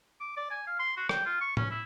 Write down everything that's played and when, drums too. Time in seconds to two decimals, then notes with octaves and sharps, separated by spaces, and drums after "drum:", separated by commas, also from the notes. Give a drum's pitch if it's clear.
0.20 D6
0.37 D5
0.51 G#5
0.67 F5
0.79 C6
0.97 F#4
1.09 G5, drum: rim click
1.25 F4
1.41 C#6
1.57 C#4, drum: tom
1.70 E4